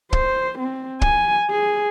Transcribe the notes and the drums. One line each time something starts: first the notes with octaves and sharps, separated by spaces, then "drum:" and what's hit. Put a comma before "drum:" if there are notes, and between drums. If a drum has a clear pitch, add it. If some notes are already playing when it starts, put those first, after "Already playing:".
C5, drum: kick
C4
G#5, drum: kick
G#4